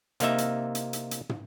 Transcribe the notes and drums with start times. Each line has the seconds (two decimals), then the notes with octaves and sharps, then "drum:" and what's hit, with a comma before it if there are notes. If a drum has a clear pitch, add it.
0.20 C3 A#3 D#4 E5, drum: hi-hat
0.38 drum: hi-hat
0.75 drum: hi-hat
0.93 drum: hi-hat
1.11 drum: hi-hat
1.29 drum: tom